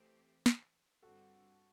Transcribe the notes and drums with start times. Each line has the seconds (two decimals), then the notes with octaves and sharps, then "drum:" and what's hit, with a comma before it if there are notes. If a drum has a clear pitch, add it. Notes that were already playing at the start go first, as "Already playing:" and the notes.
Already playing: E3 A3 C4 G4 C5
0.46 drum: snare
1.02 G2 D3 G3 C4 F#4 A4